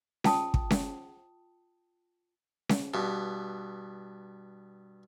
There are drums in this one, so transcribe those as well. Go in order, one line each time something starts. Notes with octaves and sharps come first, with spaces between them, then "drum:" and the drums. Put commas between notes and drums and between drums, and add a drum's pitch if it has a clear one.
F4 G5 A5 D#6, drum: snare C#4
drum: kick
drum: snare C#4
drum: snare C#4
G2 B2